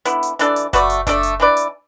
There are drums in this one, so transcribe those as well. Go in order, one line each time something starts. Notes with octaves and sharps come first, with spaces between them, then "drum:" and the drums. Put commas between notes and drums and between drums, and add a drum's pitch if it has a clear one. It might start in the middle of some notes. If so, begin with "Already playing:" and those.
D3 B3 E4, drum: hi-hat
drum: hi-hat
E3 D4 A4 D5, drum: hi-hat
drum: hi-hat
A3 F#4 B4 D5, drum: kick F#1, hi-hat
drum: hi-hat
A3 D4 A4 D5, drum: kick F#1, hi-hat
drum: hi-hat
E3 D4 B4 D5
drum: hi-hat